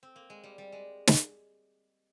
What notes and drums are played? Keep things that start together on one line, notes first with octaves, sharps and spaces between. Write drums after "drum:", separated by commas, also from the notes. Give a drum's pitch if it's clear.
C4
A#3
G#3
G3
G3
G#3
drum: snare